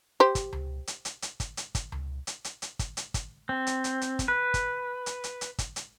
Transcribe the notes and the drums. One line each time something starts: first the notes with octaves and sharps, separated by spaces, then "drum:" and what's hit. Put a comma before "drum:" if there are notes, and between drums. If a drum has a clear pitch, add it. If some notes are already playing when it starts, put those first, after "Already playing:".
G4 C5
drum: kick, hi-hat
drum: tom C#2
drum: hi-hat
drum: hi-hat
drum: hi-hat
drum: kick, hi-hat
drum: hi-hat
drum: kick, hi-hat
drum: tom C#2
drum: hi-hat
drum: hi-hat
drum: hi-hat
drum: kick, hi-hat
drum: hi-hat
drum: kick, hi-hat
C4
drum: hi-hat
drum: hi-hat
drum: hi-hat
drum: kick, hi-hat
B4
drum: kick, hi-hat
drum: hi-hat
drum: hi-hat
drum: hi-hat
drum: kick, hi-hat
drum: hi-hat